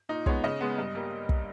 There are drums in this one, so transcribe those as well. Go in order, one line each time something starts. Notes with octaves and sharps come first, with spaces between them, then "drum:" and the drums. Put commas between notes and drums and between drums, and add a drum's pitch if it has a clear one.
A#2 D#4
G#3 B3 C#5, drum: kick
C#3 D#5
G#3 B3
G2
G3 A#3
drum: kick